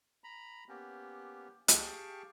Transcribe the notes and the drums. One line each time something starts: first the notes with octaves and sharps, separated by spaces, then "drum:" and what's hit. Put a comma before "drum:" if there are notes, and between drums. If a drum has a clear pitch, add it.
A#5 B5
A#3 B3 C#4 G4
G4 G#4 F5 G5 A5 C#6, drum: hi-hat